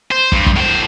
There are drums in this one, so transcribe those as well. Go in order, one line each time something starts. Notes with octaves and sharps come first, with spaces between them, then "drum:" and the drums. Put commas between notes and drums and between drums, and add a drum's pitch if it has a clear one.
C5
G2, drum: kick
drum: kick
A2 C5